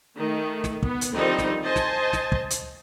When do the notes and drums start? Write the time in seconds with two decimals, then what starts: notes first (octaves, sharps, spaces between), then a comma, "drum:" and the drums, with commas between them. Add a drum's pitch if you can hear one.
0.18 D#3 A3
0.64 drum: snare
0.83 B3, drum: kick
1.01 drum: hi-hat
1.12 D3 D#3 F3 G3 C4 D#4
1.39 drum: snare
1.63 C5 D#5 G#5 A5
1.76 drum: snare
2.13 drum: snare
2.32 drum: kick
2.50 drum: hi-hat